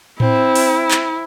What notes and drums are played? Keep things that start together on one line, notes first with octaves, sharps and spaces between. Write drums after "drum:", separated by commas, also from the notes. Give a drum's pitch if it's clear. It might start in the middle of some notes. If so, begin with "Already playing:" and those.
C4 E4, drum: tom A2
drum: open hi-hat
drum: clap